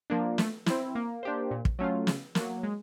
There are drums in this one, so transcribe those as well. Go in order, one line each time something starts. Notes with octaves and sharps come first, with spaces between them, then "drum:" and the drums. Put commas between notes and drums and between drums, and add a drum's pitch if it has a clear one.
F3 A#3 D4
A3, drum: snare
C4 E4, drum: snare
A#3
D4 G4 C5
A#2
drum: kick
F#3 A3 C#4 F4
C#3, drum: snare
A#3, drum: snare
F#3
G#3